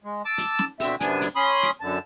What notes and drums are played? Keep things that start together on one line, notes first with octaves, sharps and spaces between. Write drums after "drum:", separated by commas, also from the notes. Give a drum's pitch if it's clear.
G#3
A5 D6 E6
drum: hi-hat
drum: snare
B2 D3 C4 E5, drum: open hi-hat
F#2 C3 B3 D4 G#5, drum: hi-hat
drum: hi-hat
C#4 B5 C6 D#6
drum: hi-hat
F#2 D3 A5